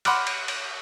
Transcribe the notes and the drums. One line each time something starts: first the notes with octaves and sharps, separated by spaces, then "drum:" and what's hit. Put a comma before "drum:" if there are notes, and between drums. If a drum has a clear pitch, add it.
F#5 B5 C6 D6 F6 F#6, drum: cymbal
drum: cymbal
drum: cymbal